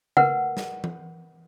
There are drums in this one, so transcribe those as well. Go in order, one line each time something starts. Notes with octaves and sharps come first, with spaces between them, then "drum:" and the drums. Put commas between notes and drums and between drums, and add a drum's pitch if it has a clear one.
A#4 B4 F#5, drum: tom C#3
drum: snare
drum: tom E3